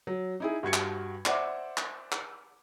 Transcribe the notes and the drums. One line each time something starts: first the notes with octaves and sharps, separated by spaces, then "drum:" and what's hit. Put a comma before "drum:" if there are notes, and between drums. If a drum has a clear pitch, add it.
F#3
D#4 E4 G#4
G2 F#4 G#6 C#7
drum: clap
C5 D5 E5 F#5 D6, drum: clap
drum: clap
drum: clap